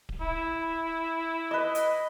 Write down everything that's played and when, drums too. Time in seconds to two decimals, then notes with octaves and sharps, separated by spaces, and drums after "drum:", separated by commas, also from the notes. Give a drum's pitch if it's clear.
0.09 drum: kick D1
0.21 E4
1.51 B4 D#5
1.75 drum: hi-hat